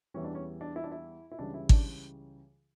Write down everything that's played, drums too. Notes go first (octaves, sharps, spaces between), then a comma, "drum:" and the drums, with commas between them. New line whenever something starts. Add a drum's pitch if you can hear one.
E2 E3 G3 C#4
D4
C#4
D4
E4
D4
E4
E4
C#2 C#3 E3 G3 D4
E4
D4, drum: kick G#1